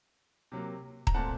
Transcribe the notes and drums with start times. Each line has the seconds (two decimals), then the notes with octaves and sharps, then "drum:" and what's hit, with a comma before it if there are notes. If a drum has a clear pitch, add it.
0.52 C3 F#3 A#3
1.07 A#5, drum: kick D#1
1.14 A#2 A3 C4 F#5 A5